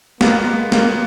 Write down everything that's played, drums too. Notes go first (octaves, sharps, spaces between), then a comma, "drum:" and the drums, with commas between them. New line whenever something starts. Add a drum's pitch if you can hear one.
G#3 A#3 B3, drum: snare
G#3 A#3 B3, drum: snare